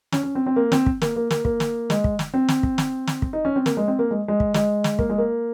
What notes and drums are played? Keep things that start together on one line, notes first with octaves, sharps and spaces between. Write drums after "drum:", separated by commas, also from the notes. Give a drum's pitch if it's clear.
C#4, drum: snare
C#4
C4
C4
A#3
C4, drum: snare
drum: kick
A#3, drum: snare
A#3
A#3, drum: snare
A#3, drum: kick
drum: snare
G#3, drum: snare
drum: kick
drum: snare
C4
drum: snare
drum: kick
drum: snare
drum: snare
drum: kick
D#4
C#4
C4
A#3, drum: snare
G#3
C4
A#3
G#3
G#3
drum: kick
G#3, drum: snare
drum: snare
A#3, drum: kick
G#3
A#3